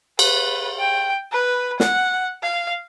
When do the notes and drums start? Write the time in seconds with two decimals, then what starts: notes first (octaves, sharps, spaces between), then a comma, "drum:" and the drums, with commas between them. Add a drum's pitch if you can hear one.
0.19 B4, drum: cymbal
0.79 G5
1.32 B4
1.80 F#5, drum: snare
2.43 F5